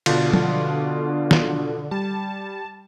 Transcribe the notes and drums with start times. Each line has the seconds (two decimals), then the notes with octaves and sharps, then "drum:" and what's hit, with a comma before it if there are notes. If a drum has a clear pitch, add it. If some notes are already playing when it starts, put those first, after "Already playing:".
0.06 B2 D3 D4 F4, drum: cymbal
0.33 drum: tom F3
1.31 drum: snare
1.91 G3 A5